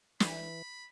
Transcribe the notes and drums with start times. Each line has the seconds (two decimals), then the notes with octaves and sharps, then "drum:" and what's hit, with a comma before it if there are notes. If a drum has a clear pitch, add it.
0.20 E3 B5, drum: snare